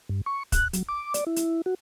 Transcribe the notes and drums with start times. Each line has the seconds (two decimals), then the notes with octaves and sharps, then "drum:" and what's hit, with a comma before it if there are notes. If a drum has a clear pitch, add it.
0.09 G2
0.26 C#6
0.52 F#6, drum: kick, hi-hat
0.73 F#3, drum: hi-hat
0.89 D6
1.14 D5, drum: hi-hat
1.27 E4
1.36 drum: hi-hat
1.66 F#4